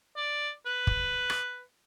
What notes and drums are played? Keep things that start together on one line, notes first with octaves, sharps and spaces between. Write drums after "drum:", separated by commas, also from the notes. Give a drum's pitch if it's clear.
D5
B4
drum: kick
drum: rim click